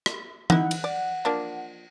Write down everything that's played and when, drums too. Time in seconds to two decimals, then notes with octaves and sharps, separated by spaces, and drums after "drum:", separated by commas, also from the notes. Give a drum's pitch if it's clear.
0.06 drum: rim click
0.50 D#4 E4 F#5, drum: tom E3
0.71 drum: cymbal
0.84 D5
1.25 F3 A#3 D4